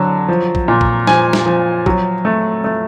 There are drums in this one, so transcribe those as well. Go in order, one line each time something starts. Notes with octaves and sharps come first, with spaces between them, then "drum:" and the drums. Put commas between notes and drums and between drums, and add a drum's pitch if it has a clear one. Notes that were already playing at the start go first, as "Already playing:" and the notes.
Already playing: D3 F#3 A5
F3
drum: kick
A#2
drum: kick
F3 G#5, drum: snare
drum: snare
F3
F#3, drum: kick
A3
A3